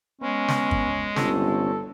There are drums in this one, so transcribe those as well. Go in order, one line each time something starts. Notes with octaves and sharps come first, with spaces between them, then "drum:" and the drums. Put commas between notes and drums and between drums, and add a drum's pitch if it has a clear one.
G#3 B3 C#4
drum: snare
drum: kick
G1 C4 C#4 A4, drum: snare